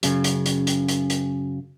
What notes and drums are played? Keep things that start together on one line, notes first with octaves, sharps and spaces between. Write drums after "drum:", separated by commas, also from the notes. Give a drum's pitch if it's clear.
F#2 C#3, drum: hi-hat
drum: hi-hat
drum: hi-hat
drum: hi-hat
drum: hi-hat
drum: hi-hat